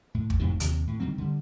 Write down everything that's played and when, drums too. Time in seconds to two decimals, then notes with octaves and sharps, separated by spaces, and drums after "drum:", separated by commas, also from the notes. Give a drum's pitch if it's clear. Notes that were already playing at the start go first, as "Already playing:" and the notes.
0.14 A2
0.30 drum: kick
0.39 F2 A2 C3 D#3
0.60 D#2 C3, drum: hi-hat
0.87 A2
1.00 D#3 F#3 G3 C4
1.18 D3 G3